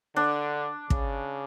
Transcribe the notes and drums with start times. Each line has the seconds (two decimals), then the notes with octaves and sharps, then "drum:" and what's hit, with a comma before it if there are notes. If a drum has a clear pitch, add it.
0.16 D3 D4
0.90 C#3, drum: kick